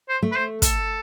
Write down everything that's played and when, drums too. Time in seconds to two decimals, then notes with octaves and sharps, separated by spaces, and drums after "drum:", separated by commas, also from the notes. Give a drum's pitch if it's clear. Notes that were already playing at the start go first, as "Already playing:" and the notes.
0.09 C5
0.22 A3
0.32 B4
0.36 C5
0.62 A4, drum: kick, hi-hat